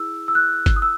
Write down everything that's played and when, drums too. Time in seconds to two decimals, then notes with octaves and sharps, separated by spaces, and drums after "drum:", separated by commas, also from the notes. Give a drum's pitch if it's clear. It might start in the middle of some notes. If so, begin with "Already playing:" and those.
Already playing: E4 G#4 E6
0.28 E6
0.35 F#6
0.66 drum: kick G1, hi-hat
0.76 D#6
0.82 E6